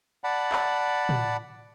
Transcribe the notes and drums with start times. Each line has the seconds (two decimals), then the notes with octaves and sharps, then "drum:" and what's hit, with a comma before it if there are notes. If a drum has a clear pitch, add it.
0.24 D5 F#5 A5 B5
0.52 drum: clap
1.09 drum: tom